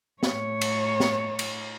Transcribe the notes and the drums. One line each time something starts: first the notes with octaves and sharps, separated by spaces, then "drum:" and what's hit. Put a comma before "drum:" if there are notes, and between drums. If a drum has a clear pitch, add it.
A2 C#5, drum: snare
drum: cymbal
drum: snare
drum: cymbal